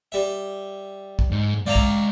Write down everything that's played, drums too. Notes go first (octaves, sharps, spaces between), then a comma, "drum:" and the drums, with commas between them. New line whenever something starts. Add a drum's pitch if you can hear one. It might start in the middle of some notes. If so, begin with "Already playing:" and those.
G3 E5
drum: kick
G#2
G#3 D5 E5 F5 A#5
drum: kick